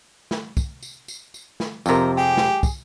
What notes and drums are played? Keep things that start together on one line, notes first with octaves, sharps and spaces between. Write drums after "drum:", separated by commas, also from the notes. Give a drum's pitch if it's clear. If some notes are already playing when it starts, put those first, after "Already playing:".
drum: snare
drum: kick, tambourine
drum: tambourine
drum: tambourine
drum: tambourine
drum: snare
F2 C3 A#4 C5, drum: tambourine
G4 G#4
drum: snare
drum: kick, tambourine